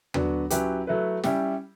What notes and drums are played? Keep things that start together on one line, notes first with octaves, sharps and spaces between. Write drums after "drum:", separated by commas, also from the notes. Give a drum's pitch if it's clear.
D3 F#3 B3 D4 F#4, drum: tom D#2
F#3 C#4 E4 G4 B4, drum: hi-hat
F#3 A3 E4 B4
G3 C#4 E4 G4, drum: snare